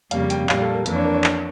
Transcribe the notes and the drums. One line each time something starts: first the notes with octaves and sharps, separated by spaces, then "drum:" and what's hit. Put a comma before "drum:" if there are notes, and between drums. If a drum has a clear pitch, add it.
F2 C#3 G3 A#3 F5, drum: hi-hat
G5, drum: hi-hat
A#2 G3 A#3 F5, drum: clap
A4
A#4
F2 E3 A#3 D4 A#4, drum: hi-hat
C#5
A#4
C#5
drum: clap